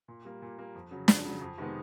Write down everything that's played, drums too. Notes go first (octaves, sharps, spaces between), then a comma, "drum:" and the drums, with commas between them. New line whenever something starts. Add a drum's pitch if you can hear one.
A#2
G3 A#3
A#2
G3 A#3
F2
C#3 F#3
F2, drum: snare
C#3 F#3
F2
C3 D#3 G#3 B3